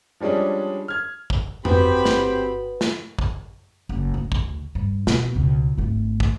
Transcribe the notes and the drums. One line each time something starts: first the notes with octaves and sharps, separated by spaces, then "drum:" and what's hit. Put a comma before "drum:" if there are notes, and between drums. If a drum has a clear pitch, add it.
F3 G3 G#3 C#4 D4
F6 G#6
drum: kick
G1 B3 C4 F#4 G4 B5, drum: tom F2
drum: snare
drum: snare
drum: kick
F#1
D2
drum: kick
G2
B2, drum: snare
C#2 B2
G#1 A3
drum: kick